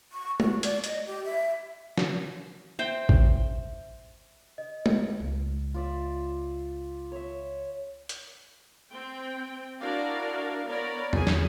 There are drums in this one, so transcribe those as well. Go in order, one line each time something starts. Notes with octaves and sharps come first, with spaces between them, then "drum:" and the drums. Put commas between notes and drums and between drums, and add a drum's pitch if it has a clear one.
C#6
F#4, drum: tom G#3
D5, drum: hi-hat
D#5, drum: hi-hat
G4
E5
drum: snare
C5 E5 G5
drum: kick G#1
D#5
drum: tom G#3
C#2
F4 D5 E5
C#5 E5
drum: hi-hat
C4 G5
D4 E4 F#4 A#4 D5 F5
B3 A#4 C#5 D5 B5
G#4 G#5, drum: tom E2
drum: snare